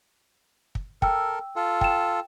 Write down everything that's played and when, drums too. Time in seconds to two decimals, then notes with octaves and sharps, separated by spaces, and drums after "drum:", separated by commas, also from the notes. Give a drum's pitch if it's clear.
0.75 drum: kick
1.02 A4 A#4 G5 E6, drum: kick
1.56 F4 A4
1.81 G5 E7, drum: kick